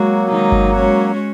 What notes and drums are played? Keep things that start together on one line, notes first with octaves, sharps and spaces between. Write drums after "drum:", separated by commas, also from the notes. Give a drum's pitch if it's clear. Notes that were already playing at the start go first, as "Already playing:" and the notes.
Already playing: F#3 G#3 A#3 F#4
D#3 G#3 D#4
drum: kick G1
G#3 C#4 F#4 C#5